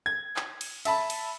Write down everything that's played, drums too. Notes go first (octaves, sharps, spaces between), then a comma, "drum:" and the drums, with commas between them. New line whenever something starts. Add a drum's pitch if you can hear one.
G#6
drum: clap
drum: cymbal
E5 A5 B5, drum: cymbal
drum: cymbal